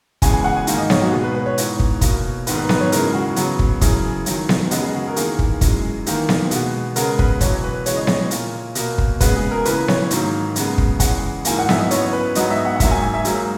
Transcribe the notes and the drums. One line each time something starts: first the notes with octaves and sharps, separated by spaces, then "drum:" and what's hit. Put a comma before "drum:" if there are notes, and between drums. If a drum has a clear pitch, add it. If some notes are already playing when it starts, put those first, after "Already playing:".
E2 C#3 G#3 B3 G#5, drum: kick, hi-hat
G#5
F#5
G#5
G#2 D#3 A#3, drum: hi-hat
D#5
C#5, drum: snare B3
F#4
B2 G#3 B3 G#4
B4
B4
C#5
G#2 E3 B3, drum: hi-hat
drum: kick
B2 A#3, drum: kick, hi-hat
G#2 D#3 G#3 B3 B4, drum: hi-hat
B4
B4, drum: snare B3
C#5
F#2 C#3 E3 G#3 A#4, drum: hi-hat
F#4
C#3 F#3 B3, drum: hi-hat
drum: kick
F#2 C#3 E3 G#4, drum: kick, hi-hat
E2 D#3 F#3, drum: hi-hat
drum: snare B3
F#2 C#3 G#3 B3 D#5, drum: hi-hat
G#4
F#4
A#4
E2 D#3 A#3 G#4, drum: hi-hat
drum: kick
F#2 E3 G#3, drum: kick, hi-hat
E2 D#3 A#3, drum: hi-hat
drum: snare B3
B2 G#3 B3, drum: hi-hat
C#3 G#3 B3 A#4, drum: hi-hat
B4, drum: kick
E2 B2 F#3 C#5, drum: kick, hi-hat
B4
C#3 E3 G#3 C#5, drum: hi-hat
D#5
C#5, drum: snare B3
A#2 A#3, drum: hi-hat
B2 A#3, drum: hi-hat
drum: kick
C#3 G#3 B3 B4, drum: kick, hi-hat
G#4
A#4
C#3 E3 A#3 B4, drum: hi-hat
C#5, drum: snare B3
G#2 D#3 F#3 A#3, drum: hi-hat
F#2 C#3 G#3 B3, drum: hi-hat
drum: kick
E2 C#3 G#3 F#5, drum: kick, hi-hat
G#2 E3 A#3 G#5, drum: hi-hat
F#5
E5, drum: snare B3
D#5
F#2 E3 B3 C#5, drum: hi-hat
B4
G#2 F#3 B3 D#5, drum: hi-hat
E5
F#5
F#5
G#2 F#3 A#3 E5, drum: kick, hi-hat
G#5
G#5
E5
G#2 F#3 A#3 G#4, drum: hi-hat